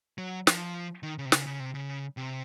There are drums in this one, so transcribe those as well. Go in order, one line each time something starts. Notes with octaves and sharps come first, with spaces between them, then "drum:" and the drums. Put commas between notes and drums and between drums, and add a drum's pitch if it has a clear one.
F#3
F3, drum: snare
D#3
C#3
C3
C#3, drum: snare
C#3
C3
C#3
C3